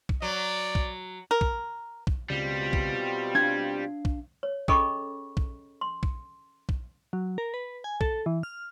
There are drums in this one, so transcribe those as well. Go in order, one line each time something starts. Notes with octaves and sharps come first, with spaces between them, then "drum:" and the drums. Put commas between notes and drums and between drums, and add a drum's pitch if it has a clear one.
drum: kick
F#3 D5
drum: kick
A#4
drum: kick
drum: kick
C#2 B2 G3 C4 F4
drum: kick
D4 F5 G#6
drum: kick
C#5
C#4 G#4 A4 D#5 B5 C#6, drum: kick
drum: kick
C6
drum: kick
drum: kick
F#3
A#4
B4
G#5
A4, drum: kick
E3
F6